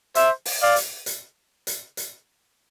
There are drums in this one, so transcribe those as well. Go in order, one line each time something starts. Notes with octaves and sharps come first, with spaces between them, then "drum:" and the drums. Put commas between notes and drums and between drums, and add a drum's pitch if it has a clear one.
C5 E5, drum: hi-hat
drum: open hi-hat
D5 F5
drum: hi-hat
drum: hi-hat
drum: hi-hat
drum: hi-hat